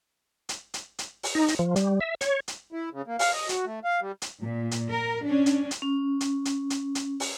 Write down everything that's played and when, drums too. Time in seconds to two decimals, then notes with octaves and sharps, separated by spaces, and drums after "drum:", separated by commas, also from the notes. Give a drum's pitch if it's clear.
0.49 drum: hi-hat
0.74 drum: hi-hat
0.99 drum: hi-hat
1.23 drum: open hi-hat
1.35 D#4
1.48 drum: hi-hat
1.59 F3
1.76 G3, drum: hi-hat
2.01 E5
2.21 C#5, drum: hi-hat
2.48 drum: hi-hat
2.73 E4
2.93 C#3
3.07 A#3
3.19 F5, drum: open hi-hat
3.33 D#5
3.49 F#4, drum: hi-hat
3.66 A3
3.84 F5
4.01 G3
4.22 drum: hi-hat
4.42 A#2
4.71 drum: hi-hat
4.91 A#4
5.27 C#4 D4
5.46 drum: hi-hat
5.71 drum: hi-hat
5.82 C#4
6.21 drum: hi-hat
6.45 drum: hi-hat
6.70 drum: hi-hat
6.95 drum: hi-hat
7.20 drum: open hi-hat